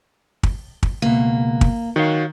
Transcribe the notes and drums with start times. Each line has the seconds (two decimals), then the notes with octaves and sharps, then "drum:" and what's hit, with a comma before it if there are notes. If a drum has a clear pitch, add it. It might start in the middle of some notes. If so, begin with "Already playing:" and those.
0.43 drum: kick
0.83 drum: kick
1.02 C#2 B2 A#3
1.61 drum: kick
1.96 D#3 F#4 C#5 F5